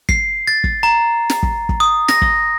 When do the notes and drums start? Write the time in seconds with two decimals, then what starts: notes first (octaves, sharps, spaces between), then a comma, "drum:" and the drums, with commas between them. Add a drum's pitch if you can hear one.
0.09 C7, drum: kick
0.47 A6
0.64 drum: kick
0.83 A#5
1.30 drum: snare
1.43 drum: kick
1.69 drum: kick
1.80 D#6
2.08 A#6, drum: snare
2.22 drum: kick